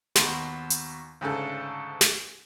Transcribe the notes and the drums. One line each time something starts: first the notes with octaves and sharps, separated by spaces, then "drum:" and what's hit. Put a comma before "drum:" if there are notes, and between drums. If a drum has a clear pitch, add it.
D#2 B2 C6, drum: snare
drum: hi-hat
D2 G#2 C#3 A4
drum: snare